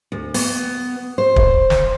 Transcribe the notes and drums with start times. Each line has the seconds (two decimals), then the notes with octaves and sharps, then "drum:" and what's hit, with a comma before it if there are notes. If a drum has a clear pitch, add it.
0.12 D2
0.34 B3, drum: open hi-hat
1.18 C5
1.36 drum: kick
1.70 drum: snare